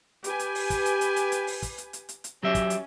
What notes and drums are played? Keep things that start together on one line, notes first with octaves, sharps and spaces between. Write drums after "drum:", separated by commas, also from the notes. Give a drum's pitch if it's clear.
G4 B4 G#5, drum: hi-hat
drum: hi-hat
drum: open hi-hat
drum: kick, hi-hat
drum: hi-hat
drum: hi-hat
drum: hi-hat
drum: hi-hat
drum: open hi-hat
drum: kick, hi-hat
drum: hi-hat
drum: hi-hat
drum: hi-hat
drum: hi-hat
F#3 C#4 G4 E5
drum: kick, hi-hat
drum: hi-hat